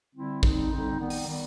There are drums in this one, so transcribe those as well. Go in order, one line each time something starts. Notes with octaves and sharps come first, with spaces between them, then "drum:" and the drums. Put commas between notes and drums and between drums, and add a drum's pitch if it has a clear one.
D3 G3 C4 E4
F2 D3 G3 C4 D#4, drum: kick
F2 D3 G3 C4 D#4
D#3 G3 B3
drum: open hi-hat
D#3 G3 B3